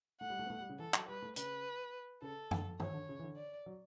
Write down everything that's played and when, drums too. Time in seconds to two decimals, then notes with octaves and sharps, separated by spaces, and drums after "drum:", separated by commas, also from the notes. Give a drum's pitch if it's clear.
0.21 A3 F#5
0.30 G3
0.39 A3
0.46 B3
0.50 A3
0.60 G3
0.69 C#3
0.79 E3 A4
0.94 F#3, drum: clap
1.08 G3 B4
1.22 A3
1.36 C#3 B4, drum: hi-hat
2.22 C#3 A4
2.51 D3, drum: tom F#2
2.80 E3 C#5, drum: tom G2
2.94 D3
3.09 C#3
3.19 E3
3.23 D3
3.37 D5
3.66 F#3